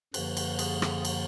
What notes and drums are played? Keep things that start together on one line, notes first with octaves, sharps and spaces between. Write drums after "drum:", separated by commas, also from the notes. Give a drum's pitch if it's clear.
F#2 D3 F3 A#3 B4, drum: cymbal
drum: cymbal
G#4, drum: cymbal
drum: rim click
drum: cymbal